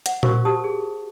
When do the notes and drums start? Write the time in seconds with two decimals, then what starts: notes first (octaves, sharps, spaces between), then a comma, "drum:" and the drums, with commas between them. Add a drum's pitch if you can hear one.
0.06 F#5, drum: hi-hat
0.23 F#4 A#4 C5 F5 C#6 E6, drum: tom A#2
0.45 G4 A5 D#6
0.64 G#4